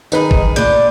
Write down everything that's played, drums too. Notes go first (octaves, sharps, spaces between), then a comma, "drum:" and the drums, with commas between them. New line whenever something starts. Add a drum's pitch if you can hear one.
D#3 D#4 G#4 B4 B5, drum: tambourine
drum: kick
A#2 D4 G#4 B4 G6, drum: hi-hat